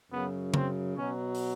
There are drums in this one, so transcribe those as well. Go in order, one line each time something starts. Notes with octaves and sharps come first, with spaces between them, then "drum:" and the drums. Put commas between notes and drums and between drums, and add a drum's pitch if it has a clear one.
F#2 C#3 F#3 B3
C4, drum: tom C#3
B2 F#3 C#4
drum: open hi-hat